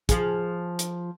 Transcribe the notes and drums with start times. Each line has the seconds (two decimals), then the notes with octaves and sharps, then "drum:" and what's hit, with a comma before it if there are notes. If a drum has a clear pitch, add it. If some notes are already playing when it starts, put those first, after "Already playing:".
0.09 F3 G#4, drum: kick, hi-hat
0.79 drum: hi-hat